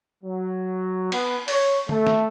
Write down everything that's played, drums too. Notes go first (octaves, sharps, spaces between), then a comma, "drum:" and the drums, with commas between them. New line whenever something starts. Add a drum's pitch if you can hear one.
F#3
B3, drum: cymbal
C#5, drum: open hi-hat
A3, drum: tom
drum: snare